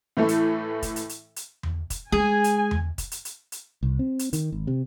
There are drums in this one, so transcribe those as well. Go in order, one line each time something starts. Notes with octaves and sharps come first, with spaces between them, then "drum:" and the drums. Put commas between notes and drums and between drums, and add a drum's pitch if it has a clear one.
A2 E3 A3 A4
drum: hi-hat
drum: kick, hi-hat
drum: hi-hat
drum: hi-hat
drum: hi-hat
drum: tom E2
drum: kick, hi-hat
G#3 G#4 G#5
drum: hi-hat
drum: tom E2
drum: kick, hi-hat
drum: hi-hat
drum: hi-hat
drum: hi-hat
C2
C4
drum: hi-hat
D#3, drum: hi-hat
G#1
C3